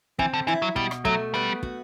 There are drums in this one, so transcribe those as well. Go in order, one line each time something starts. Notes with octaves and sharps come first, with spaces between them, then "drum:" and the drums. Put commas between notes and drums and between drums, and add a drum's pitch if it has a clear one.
E3 C4, drum: kick
D3
E3 E4
F#3
B2 G3, drum: kick
drum: rim click
F#3 A3, drum: kick
G3 B3
F#4, drum: kick